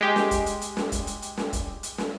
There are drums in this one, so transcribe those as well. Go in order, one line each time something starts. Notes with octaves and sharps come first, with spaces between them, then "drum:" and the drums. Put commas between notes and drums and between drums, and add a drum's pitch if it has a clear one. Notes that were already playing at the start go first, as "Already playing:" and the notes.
G#3 G4
drum: snare
drum: kick, hi-hat
drum: hi-hat
drum: hi-hat
drum: snare
drum: kick, hi-hat
drum: hi-hat
drum: hi-hat
drum: snare
drum: kick, hi-hat
drum: hi-hat
drum: snare